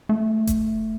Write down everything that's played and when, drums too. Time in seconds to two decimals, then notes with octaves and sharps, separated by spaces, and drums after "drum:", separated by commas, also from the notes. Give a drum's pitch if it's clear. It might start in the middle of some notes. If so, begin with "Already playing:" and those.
0.09 A3
0.47 drum: kick F1, hi-hat